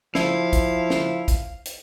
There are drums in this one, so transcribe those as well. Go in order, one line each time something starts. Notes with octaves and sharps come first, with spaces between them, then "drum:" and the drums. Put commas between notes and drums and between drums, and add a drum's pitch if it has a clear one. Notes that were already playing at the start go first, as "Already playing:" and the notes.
F3 E4 F5, drum: snare
drum: kick, hi-hat
drum: snare
drum: kick, hi-hat
drum: hi-hat